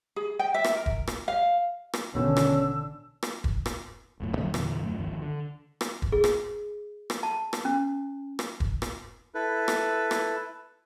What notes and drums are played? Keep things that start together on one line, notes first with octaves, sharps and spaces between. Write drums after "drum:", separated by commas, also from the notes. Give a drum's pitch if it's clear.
G#4
G5
E5
drum: rim click
A#4
drum: kick
drum: rim click
F5
drum: rim click
A1 B2 D3 D#3 C#4 D4 E6
drum: rim click
drum: rim click
drum: kick
drum: rim click
D1 F#2 A2
E2 D3 F#3 A#3
E2 A#2 D3 E3, drum: rim click
F#2 A2 A3
G1 C#2 D#3 F3
D3
drum: rim click
drum: kick
G#4
drum: rim click
drum: rim click
A5
drum: rim click
C#4
drum: rim click
drum: kick
drum: rim click
E4 A4 B4
drum: rim click
drum: rim click